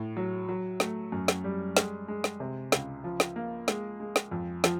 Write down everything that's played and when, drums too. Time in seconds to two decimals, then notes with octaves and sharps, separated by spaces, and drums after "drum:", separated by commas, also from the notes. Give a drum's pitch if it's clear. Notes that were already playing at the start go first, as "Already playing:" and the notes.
Already playing: A2
0.17 F#3
0.49 F#3
0.80 A3, drum: snare
1.12 F#2
1.28 drum: snare
1.44 G3
1.77 G#3, drum: snare
2.08 G#3
2.24 drum: snare
2.40 C3
2.72 C#2, drum: snare
3.04 F3
3.20 drum: snare
3.36 A#3
3.68 G#3, drum: snare
4.00 G#3
4.16 drum: snare
4.31 F2
4.64 F3, drum: snare